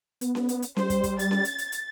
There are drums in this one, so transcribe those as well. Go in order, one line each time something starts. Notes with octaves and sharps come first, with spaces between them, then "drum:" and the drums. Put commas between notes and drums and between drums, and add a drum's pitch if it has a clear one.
B3, drum: hi-hat
drum: snare C#4
drum: hi-hat
drum: hi-hat
G3 C5, drum: snare C#4
drum: kick, hi-hat
drum: kick, hi-hat
A6, drum: hi-hat
drum: snare C#4
drum: hi-hat
drum: hi-hat
drum: hi-hat